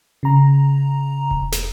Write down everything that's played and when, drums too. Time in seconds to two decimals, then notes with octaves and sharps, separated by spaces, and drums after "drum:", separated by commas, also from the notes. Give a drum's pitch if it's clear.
0.23 C#3 A#5
1.31 drum: kick E1
1.52 drum: snare